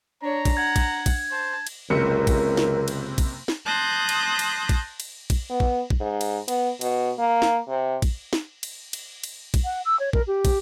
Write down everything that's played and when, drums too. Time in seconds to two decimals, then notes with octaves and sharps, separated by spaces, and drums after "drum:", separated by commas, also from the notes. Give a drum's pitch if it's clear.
0.22 D4 C#5 A#5
0.45 drum: kick, cymbal
0.57 F#5 G#6
0.76 drum: kick, cymbal
1.06 drum: kick, cymbal
1.31 C5 A5
1.67 drum: cymbal
1.90 F#1 C#2 C3 A#4 C#7
2.27 drum: kick, cymbal
2.57 drum: snare
2.88 drum: cymbal
3.18 drum: kick, cymbal
3.48 drum: snare
3.66 A5 C6 D#6 F#6 G6 A#6
4.09 drum: cymbal
4.39 drum: cymbal
4.69 drum: kick, cymbal
5.00 drum: cymbal
5.30 drum: kick, cymbal
5.50 B3
5.60 drum: kick
5.90 drum: kick
6.01 G#2
6.21 drum: cymbal
6.48 B3, drum: cymbal
6.81 B2, drum: cymbal
7.19 A#3
7.42 drum: snare
7.69 C3
8.02 drum: kick, cymbal
8.33 drum: snare
8.63 drum: cymbal
8.93 drum: cymbal
9.23 drum: cymbal
9.54 drum: kick, cymbal
9.64 F#5
9.85 E6
9.99 C#5
10.13 A#4, drum: kick
10.27 G4
10.45 drum: kick, cymbal